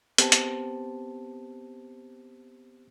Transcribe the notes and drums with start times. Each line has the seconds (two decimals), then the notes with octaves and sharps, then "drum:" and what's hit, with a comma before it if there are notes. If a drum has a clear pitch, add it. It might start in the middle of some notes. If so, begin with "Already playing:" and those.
0.18 B3 C4 G4 C5 A5, drum: hi-hat
0.32 drum: hi-hat